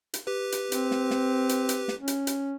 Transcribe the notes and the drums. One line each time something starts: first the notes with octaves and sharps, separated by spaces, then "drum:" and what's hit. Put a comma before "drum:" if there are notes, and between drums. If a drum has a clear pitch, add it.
drum: hi-hat
G4 B4
drum: hi-hat
C4, drum: hi-hat
drum: snare
drum: snare
drum: hi-hat
drum: hi-hat
drum: snare
C#4
drum: hi-hat
drum: hi-hat